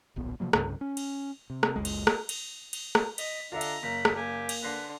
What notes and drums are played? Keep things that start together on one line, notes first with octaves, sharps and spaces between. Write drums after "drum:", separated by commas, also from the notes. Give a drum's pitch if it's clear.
D1 A#1 B3
C3 F3 F#3 A#3
C2 G2 C#3, drum: rim click
C#4
drum: cymbal
C3
drum: rim click
F#1 C#2 G#3
drum: cymbal
drum: rim click
drum: cymbal
drum: cymbal
drum: rim click
D#5 B5, drum: cymbal
D3 D4 F4 A4 E5 A#5
drum: cymbal
F#1 A#3 B5
drum: rim click
A#3 G4 G#5
drum: cymbal
D3 B4 C6 A#6 C7